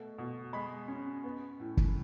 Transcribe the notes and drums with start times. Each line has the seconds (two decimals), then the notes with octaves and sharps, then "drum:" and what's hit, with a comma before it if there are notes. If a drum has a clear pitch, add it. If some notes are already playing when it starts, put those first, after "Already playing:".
Already playing: B2 A3
0.18 B2
0.53 G#3 B5
0.88 C#4
1.24 B3
1.60 A2
1.77 drum: kick